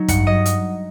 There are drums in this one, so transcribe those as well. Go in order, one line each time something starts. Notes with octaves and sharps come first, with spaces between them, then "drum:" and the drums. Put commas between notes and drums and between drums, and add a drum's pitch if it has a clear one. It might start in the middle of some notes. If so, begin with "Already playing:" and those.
Already playing: F#3 D#4
G2 F#5, drum: kick, hi-hat
F#3 D#5
drum: hi-hat